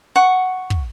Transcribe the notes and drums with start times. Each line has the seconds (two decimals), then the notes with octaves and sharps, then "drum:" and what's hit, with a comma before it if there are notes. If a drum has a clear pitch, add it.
0.16 F#5 C#6
0.70 drum: kick